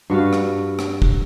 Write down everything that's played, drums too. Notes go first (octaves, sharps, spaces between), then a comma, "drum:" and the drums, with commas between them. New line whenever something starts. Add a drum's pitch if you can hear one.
G2 F#4 B4 F5
drum: rim click
drum: rim click
drum: kick